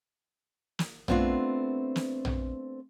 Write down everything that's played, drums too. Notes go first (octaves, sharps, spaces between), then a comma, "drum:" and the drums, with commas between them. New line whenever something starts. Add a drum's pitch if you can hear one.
drum: snare
A3 B3 C4 D4 F4, drum: tom A#1
drum: snare
drum: tom A#1